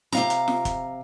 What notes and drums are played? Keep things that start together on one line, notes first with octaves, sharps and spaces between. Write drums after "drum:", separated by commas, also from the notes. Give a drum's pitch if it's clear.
C3 F5 A#5, drum: snare
drum: hi-hat
drum: snare
drum: kick, hi-hat